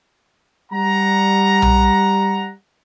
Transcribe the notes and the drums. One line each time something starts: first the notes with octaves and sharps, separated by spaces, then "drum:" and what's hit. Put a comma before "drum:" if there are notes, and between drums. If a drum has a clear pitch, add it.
G3 F#5 A#5
drum: tom B1